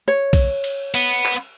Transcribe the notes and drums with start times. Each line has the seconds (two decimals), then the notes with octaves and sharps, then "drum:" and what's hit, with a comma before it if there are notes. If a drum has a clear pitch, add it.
0.08 C#5
0.33 drum: kick B1, cymbal
0.64 drum: cymbal
0.95 B3, drum: cymbal
1.25 drum: clap